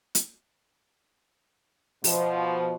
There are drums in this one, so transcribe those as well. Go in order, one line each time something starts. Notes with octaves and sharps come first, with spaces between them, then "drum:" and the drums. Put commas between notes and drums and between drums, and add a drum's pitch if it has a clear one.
drum: hi-hat
B2 F3, drum: open hi-hat